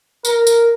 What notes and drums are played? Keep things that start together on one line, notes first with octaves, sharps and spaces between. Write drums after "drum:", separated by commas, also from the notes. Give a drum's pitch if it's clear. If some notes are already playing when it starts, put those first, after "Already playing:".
A#4, drum: tambourine
drum: tambourine